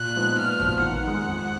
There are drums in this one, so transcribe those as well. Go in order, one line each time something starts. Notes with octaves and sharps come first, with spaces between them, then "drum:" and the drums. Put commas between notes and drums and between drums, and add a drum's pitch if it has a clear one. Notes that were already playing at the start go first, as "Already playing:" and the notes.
Already playing: A#2 F#6
F3 G#3 B3 D#4
A#2 F6
F3 B3 F#4, drum: tom A1
D#3 F#5
G#3 D#4
F2